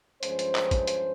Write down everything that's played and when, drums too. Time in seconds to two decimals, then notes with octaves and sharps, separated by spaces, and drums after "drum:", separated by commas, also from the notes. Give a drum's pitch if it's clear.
0.23 G2 F3 G#3 C#4 C5, drum: hi-hat
0.39 drum: hi-hat
0.55 drum: clap
0.71 drum: kick, hi-hat
0.87 drum: hi-hat